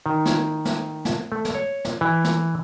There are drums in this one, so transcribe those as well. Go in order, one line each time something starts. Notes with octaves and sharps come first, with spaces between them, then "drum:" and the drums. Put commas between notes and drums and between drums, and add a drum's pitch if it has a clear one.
D#3
drum: snare
drum: snare
drum: snare
A3
drum: snare
C#5
drum: snare
E3
drum: snare